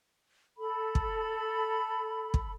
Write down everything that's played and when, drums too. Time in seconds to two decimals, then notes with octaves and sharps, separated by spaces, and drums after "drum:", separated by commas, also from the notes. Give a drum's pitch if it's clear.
0.58 A4 B5
0.95 drum: kick
2.34 drum: kick